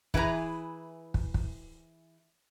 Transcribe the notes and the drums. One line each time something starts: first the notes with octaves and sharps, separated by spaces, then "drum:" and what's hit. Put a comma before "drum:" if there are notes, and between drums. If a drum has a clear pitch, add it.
E3 E4 G#4 B4 F5 A#5, drum: kick
drum: kick
drum: kick